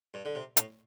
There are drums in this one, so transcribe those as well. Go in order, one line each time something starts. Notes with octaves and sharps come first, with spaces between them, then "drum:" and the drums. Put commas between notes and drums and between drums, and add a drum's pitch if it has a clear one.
G2
D3
C3
A2, drum: hi-hat